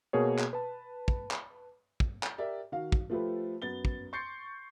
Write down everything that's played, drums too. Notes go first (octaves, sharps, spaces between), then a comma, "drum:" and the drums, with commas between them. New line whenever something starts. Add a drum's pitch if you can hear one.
B2 A#3 G#4 A#4 C#5
drum: clap
B4 A5
drum: kick
drum: clap
drum: kick
drum: clap
G4 A#4 D5 E5
D#3 F#4 F5
drum: kick
F3 A3 F4 G4 A4 B4
F#2 B3 A6 G7
drum: kick
C6 C#6 G6 A6 C7 C#7